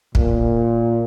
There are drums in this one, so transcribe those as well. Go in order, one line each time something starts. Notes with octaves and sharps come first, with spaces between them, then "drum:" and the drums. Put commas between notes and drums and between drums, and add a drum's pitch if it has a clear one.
A#2, drum: kick